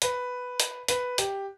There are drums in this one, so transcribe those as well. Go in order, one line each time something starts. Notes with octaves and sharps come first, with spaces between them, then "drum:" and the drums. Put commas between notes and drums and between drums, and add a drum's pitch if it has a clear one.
B4, drum: hi-hat
drum: hi-hat
B4, drum: hi-hat
G4, drum: hi-hat